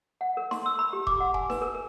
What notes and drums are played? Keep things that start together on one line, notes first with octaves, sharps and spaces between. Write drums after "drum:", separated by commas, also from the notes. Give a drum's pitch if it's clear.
F#5
A#4
C6, drum: snare D#4
E6
B5
G4
D6, drum: kick E1
F#5
G#5, drum: kick E1
B4, drum: snare D#4
A#4
A#4